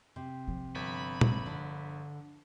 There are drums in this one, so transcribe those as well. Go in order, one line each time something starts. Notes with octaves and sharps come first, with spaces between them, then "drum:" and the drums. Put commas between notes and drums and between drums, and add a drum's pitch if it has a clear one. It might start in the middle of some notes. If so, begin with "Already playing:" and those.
C3
F3
G1 B5
drum: tom A#2
D3